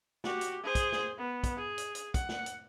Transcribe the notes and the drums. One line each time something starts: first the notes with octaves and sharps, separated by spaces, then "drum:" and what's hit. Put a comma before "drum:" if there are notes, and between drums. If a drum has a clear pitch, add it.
F#4 G4, drum: snare
drum: hi-hat
G#4 C5
drum: kick, hi-hat
drum: snare
B3
drum: kick, hi-hat
G#4
drum: hi-hat
drum: hi-hat
F#5, drum: kick, hi-hat
drum: snare
drum: hi-hat